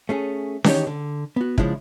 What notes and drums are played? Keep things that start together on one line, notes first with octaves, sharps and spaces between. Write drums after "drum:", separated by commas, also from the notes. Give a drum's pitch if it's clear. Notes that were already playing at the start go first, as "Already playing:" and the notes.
A3 C#4 G#4
D#3 E3 D4 D#4 G4 C#5, drum: snare C#4
D3
B3 F#4
C#3 F3 G#3 D4 E4, drum: kick